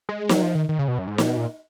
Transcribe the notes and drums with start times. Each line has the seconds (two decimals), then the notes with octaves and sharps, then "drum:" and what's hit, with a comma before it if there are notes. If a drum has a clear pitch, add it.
0.09 G#3
0.29 F#3, drum: snare
0.43 F3
0.55 D#3
0.69 D#3
0.79 C#3
0.88 B2
0.99 F#2
1.07 G#2
1.18 A#2, drum: snare
1.27 B2
1.37 A#2